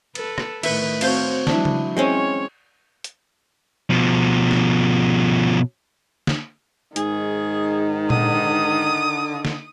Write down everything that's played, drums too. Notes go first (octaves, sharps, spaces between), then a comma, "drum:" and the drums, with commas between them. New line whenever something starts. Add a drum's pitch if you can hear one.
A4 B4, drum: cymbal
drum: rim click
A2 D#3 B4 E5 C#6, drum: cymbal
C4 F#4 C5 C#5 F5 A5, drum: cymbal
E3 F#3 G#3 D4 E4, drum: snare
drum: tom C#3
G#3 C4 C#4 C#5
drum: hi-hat
B2 F3
drum: snare
drum: snare
G#2 D#3 G#4, drum: hi-hat
D3 D#6, drum: tom A#2
drum: snare